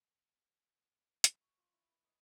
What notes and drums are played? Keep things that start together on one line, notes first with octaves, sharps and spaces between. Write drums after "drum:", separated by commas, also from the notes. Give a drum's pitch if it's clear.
drum: hi-hat
C#6
F4
E4
B4
D#5